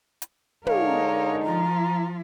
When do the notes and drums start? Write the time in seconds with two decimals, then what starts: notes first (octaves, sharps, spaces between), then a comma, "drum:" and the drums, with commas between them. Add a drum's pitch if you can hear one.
0.22 drum: hi-hat
0.67 D3 G#3 D#4 A#4 C#5 F5, drum: tom
1.45 F3 F4 A#5